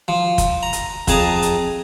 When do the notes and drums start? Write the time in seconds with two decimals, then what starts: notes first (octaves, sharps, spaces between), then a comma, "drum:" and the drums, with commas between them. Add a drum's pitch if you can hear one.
0.08 F3
0.38 drum: kick, hi-hat
0.63 A#5
0.73 drum: hi-hat
1.08 F2 G#4 A5 A#5 D#6, drum: kick, hi-hat
1.42 drum: hi-hat